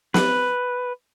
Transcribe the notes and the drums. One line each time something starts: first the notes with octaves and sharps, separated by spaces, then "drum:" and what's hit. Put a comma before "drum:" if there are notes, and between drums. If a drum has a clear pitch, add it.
B4, drum: snare